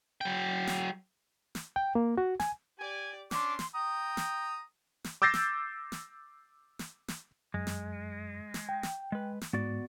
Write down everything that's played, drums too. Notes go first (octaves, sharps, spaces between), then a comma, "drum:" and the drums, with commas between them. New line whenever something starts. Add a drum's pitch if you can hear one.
F#3 G5
drum: snare
drum: snare
G5
A#3
F#4
G#5, drum: snare
G4 D5 G#5
C#4 D4 C6 D6, drum: snare
drum: snare
G5 A#5 D#6
drum: snare
drum: snare
D6 E6 G6 A6 A#6 C7
drum: snare
drum: snare
drum: snare
drum: snare
F#2 G#3
drum: snare
drum: snare
G5
drum: snare
G#3 B4
drum: snare
G#2 B3 F#4 D5